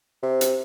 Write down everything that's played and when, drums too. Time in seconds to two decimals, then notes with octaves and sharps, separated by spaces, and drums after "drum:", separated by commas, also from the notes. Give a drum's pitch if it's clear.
0.23 C3
0.41 drum: hi-hat